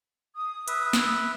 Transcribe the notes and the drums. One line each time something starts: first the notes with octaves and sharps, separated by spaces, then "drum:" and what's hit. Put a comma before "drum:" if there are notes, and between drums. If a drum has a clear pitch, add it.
D#6
B4 E5, drum: hi-hat
drum: snare